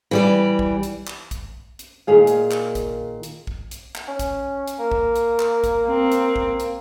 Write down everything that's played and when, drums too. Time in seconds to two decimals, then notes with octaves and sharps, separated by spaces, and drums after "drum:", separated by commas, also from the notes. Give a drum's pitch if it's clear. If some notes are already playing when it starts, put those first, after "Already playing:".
0.11 E3 G3 D5
0.59 drum: kick A#1
0.83 drum: hi-hat
1.07 drum: clap
1.31 drum: kick A#1, hi-hat
1.79 drum: hi-hat
2.07 A#2 D#3 G#4 F5
2.27 drum: hi-hat
2.51 drum: clap
2.75 drum: kick A#1, hi-hat
3.23 drum: hi-hat
3.47 drum: kick A#1
3.71 drum: hi-hat
3.95 drum: clap
4.08 C#4
4.19 drum: kick A#1, hi-hat
4.67 drum: hi-hat
4.79 A#3
4.92 drum: kick A#1
5.16 drum: hi-hat
5.40 drum: clap
5.64 drum: kick A#1, hi-hat
5.88 C4
6.12 drum: hi-hat
6.36 drum: kick A#1
6.60 drum: hi-hat